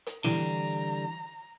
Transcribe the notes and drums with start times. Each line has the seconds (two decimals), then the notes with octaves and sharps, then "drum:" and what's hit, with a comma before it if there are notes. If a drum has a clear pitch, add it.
0.06 drum: hi-hat
0.24 D3 E3 G3 A#5, drum: snare